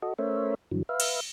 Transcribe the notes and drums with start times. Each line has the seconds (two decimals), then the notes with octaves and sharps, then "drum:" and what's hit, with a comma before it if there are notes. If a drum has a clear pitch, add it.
0.02 F#4 A4 D#5
0.18 A3 C#4 A#4 C5 C#5 E5
0.71 G2 D3 E3 F#3
0.89 B4 E5 F5
1.00 drum: cymbal